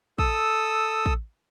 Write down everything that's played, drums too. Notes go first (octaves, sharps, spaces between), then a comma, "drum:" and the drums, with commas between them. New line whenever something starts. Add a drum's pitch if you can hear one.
A4 D#6 E6, drum: kick
drum: kick